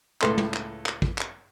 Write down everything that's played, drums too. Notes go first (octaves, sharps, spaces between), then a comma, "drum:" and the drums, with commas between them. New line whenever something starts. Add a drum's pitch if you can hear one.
C#2 A2 A4 B4 C6, drum: clap
drum: tom
drum: clap
drum: clap
drum: kick
drum: clap